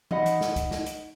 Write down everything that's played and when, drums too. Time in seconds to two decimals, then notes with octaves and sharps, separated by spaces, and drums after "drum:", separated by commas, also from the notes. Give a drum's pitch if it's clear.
0.11 D#4 D#5 F#5 B5, drum: tom E3
0.26 drum: hi-hat
0.41 drum: snare
0.56 drum: kick, hi-hat
0.71 drum: snare
0.86 drum: hi-hat